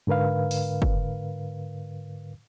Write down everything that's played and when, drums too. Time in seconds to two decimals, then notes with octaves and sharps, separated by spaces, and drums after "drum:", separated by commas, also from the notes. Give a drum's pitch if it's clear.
0.07 G#2 D3 A#4 B4 F5
0.51 drum: open hi-hat
0.82 drum: kick